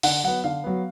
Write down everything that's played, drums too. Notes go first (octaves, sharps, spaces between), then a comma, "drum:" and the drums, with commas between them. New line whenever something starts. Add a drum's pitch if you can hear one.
D3 F#5, drum: open hi-hat
F#3 B3 F#5
D3 F5
F#3 B3